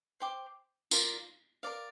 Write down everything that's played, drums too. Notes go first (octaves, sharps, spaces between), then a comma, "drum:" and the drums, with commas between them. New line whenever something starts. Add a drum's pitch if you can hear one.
C5 G5 D6
F4 A#4 D5, drum: tambourine
A#4 D5 F5